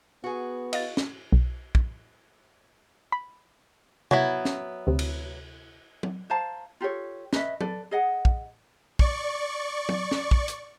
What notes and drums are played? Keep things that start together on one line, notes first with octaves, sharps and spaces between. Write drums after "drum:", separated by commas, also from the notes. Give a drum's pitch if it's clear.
B3 F#4 G#4
D#5 F5 A6, drum: cymbal
drum: snare
B1
drum: kick
B5
F#3 B3 E4, drum: tom C3
drum: snare
D2 C3
drum: cymbal
drum: tom
C5 F5 A5 A#5
F4 G4 A4 C#5
C#4 B4 D#5 E5, drum: snare
A4 B4 D5, drum: tom
G#4 D#5 F#5
drum: kick
D5 C#6, drum: kick
drum: tom
drum: snare
drum: kick
drum: hi-hat